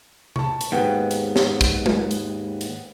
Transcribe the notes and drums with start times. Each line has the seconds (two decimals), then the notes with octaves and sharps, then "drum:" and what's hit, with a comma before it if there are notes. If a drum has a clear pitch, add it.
0.36 A5 C#6, drum: tom C3
0.61 drum: hi-hat
0.72 D#2 G#2 B3 F#4 G5
1.11 drum: hi-hat
1.36 drum: snare
1.61 drum: kick, hi-hat
1.86 drum: tom G#3
2.11 drum: hi-hat
2.61 drum: hi-hat